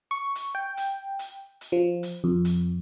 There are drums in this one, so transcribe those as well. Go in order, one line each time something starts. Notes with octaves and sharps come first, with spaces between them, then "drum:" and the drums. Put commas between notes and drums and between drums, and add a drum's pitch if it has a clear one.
C#6
drum: hi-hat
G5
drum: hi-hat
drum: hi-hat
drum: hi-hat
F3
drum: hi-hat
F2
drum: hi-hat